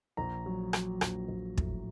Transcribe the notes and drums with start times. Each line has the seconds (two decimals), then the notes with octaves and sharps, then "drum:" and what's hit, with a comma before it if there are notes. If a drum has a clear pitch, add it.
0.17 A#1 A#5
0.46 F#3
0.73 F#3, drum: rim click
1.01 A#1, drum: rim click
1.28 A#1
1.58 A2, drum: kick